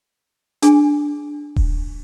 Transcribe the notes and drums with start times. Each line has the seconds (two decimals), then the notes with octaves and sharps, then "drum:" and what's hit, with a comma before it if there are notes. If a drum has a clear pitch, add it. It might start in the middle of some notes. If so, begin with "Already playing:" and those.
0.62 D4 G#4 G#5, drum: hi-hat
1.56 drum: kick D#1